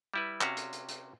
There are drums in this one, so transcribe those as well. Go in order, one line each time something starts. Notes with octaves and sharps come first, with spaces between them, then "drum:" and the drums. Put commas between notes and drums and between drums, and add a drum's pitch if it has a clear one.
G3 E4 B4
C3 C#4 F#4 F5, drum: clap
drum: hi-hat
drum: hi-hat
drum: hi-hat